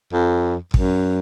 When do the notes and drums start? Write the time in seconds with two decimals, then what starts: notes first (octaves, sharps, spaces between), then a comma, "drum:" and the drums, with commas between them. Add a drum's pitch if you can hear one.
0.13 F2
0.74 F#2, drum: kick